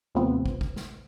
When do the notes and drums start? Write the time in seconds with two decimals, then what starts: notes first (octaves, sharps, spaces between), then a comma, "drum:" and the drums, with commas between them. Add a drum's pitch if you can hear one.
0.15 D#2 A2 C3 F3 B3 C4
0.46 drum: kick
0.61 drum: kick
0.76 drum: snare